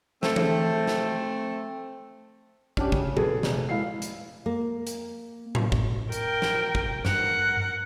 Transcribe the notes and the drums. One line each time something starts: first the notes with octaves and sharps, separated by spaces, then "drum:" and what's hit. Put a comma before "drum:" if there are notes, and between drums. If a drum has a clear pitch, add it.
A3 C4, drum: snare
drum: tom E3
drum: snare
C#4 D4 G4, drum: kick
C#3, drum: kick
G#4 A4 B4, drum: tom
F1, drum: snare
G#3 E4 F5 C7
drum: hi-hat
A#3
drum: hi-hat
drum: tom A2
drum: kick
A#4 G5, drum: hi-hat
drum: snare
drum: kick
G2 A#4 F#5, drum: snare